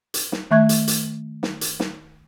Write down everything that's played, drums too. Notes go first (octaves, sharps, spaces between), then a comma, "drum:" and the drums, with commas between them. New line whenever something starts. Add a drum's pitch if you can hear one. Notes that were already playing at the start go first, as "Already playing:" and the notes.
drum: hi-hat
drum: snare
D#3 A3 E5 C#6 F#6 G#6
drum: hi-hat
drum: hi-hat
drum: snare
drum: hi-hat
drum: snare